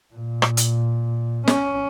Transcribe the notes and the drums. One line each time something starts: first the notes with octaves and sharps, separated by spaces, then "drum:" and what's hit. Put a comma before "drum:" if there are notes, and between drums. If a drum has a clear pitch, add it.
A#2
drum: rim click
drum: hi-hat
C#4, drum: snare